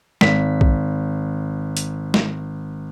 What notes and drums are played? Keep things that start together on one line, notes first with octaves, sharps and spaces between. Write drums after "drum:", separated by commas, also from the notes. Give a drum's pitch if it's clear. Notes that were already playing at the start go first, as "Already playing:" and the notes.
G#1 B6, drum: snare G#3
drum: kick A#1
drum: hi-hat
drum: snare G#3